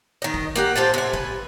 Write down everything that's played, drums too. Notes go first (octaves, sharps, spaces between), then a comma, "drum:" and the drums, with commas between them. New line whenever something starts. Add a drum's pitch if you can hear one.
D#3 D#5
drum: kick
A#3 G4 F#5
F4 G4 A4 C5
C3 G#5
B4, drum: kick